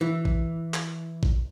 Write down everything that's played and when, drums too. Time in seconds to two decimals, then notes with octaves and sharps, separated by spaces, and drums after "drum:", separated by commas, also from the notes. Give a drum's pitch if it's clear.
0.01 E3
0.25 drum: kick A1
0.74 drum: clap
1.23 drum: kick A1